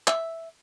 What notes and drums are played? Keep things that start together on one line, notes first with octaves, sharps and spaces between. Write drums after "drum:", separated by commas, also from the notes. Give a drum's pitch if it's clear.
E5, drum: clap